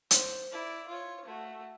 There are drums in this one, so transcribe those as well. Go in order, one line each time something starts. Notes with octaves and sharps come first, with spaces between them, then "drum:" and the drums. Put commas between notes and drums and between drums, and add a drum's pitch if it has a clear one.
C5, drum: hi-hat
E4 D5
F4 C#5
A3 F#4